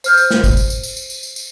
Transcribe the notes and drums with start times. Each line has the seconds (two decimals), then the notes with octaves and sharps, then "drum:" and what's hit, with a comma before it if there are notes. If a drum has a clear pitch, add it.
0.04 C5 F6 G6, drum: tambourine
0.17 drum: tambourine
0.31 drum: snare
0.44 drum: kick, tambourine
0.57 drum: tambourine
0.70 drum: tambourine
0.83 drum: tambourine
0.97 drum: tambourine
1.10 drum: tambourine
1.23 drum: tambourine
1.36 drum: tambourine